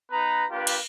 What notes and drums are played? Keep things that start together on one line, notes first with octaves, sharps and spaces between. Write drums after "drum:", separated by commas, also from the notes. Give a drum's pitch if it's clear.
B3 D#4 B4 A#5
A#3 D4 F4 G4 B4
drum: cymbal